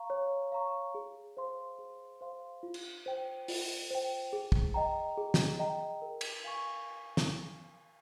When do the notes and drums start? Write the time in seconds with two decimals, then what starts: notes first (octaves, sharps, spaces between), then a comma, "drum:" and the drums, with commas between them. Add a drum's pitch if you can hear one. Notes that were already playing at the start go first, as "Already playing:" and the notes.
Already playing: F5 A#5 C#6
0.10 C#5
0.52 F5 A#5 C#6
0.95 G#4
1.37 C5 F5 C6
1.79 G#4
2.21 C5 F5 C6
2.63 F4
2.74 drum: cymbal
3.06 C5 G5
3.48 F4, drum: open hi-hat
3.90 C5 G5
4.33 G#4
4.52 drum: kick
4.74 D#5 G5 A#5
5.17 G#4
5.34 drum: snare
5.59 D#5 G5 A#5
6.02 A#4
6.21 drum: cymbal
6.44 F5 G#5 C#6
7.17 drum: snare